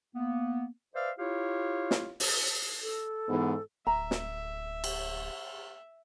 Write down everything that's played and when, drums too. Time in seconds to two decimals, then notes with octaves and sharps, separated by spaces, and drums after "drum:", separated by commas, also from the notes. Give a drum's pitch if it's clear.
0.14 A#3 B3
0.94 B4 C5 D5 E5 F5
1.18 E4 F4 G4 C#5 F5
1.91 drum: snare
2.20 drum: open hi-hat
2.82 A4
3.29 G#2 E3 B3
3.87 D1 E5 A#5
4.11 drum: snare
4.84 drum: cymbal